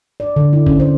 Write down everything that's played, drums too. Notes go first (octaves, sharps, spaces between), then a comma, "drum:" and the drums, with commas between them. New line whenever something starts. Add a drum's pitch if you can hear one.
D5
D3
E4
C#4, drum: kick
C5